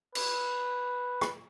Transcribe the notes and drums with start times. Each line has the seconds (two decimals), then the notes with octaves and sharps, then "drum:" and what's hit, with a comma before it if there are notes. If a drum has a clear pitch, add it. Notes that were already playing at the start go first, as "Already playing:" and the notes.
0.15 B4, drum: cymbal
1.21 drum: rim click